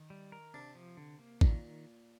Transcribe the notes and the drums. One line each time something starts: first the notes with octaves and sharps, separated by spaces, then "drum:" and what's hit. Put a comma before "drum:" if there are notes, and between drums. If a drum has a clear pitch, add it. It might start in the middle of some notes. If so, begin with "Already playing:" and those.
Already playing: D#3
G3
A#4
C3 D4
F3
D3
A#3
A#2 D#3, drum: kick A1